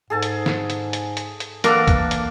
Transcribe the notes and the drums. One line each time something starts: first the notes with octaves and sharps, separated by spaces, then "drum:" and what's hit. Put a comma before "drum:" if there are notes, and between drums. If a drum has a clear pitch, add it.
G#2 G#4 A4 A5
drum: hi-hat
drum: snare
drum: hi-hat
drum: hi-hat
drum: hi-hat
drum: hi-hat
E3 A#3 D4 A4 A#4 F#5, drum: hi-hat
drum: kick, hi-hat
drum: hi-hat